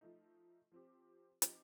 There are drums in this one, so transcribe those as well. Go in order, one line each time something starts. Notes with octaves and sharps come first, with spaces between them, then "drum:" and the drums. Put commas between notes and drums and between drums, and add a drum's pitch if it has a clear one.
F3 A3 D#4
F3 C4 G4
F3 C4 D#4 G4, drum: hi-hat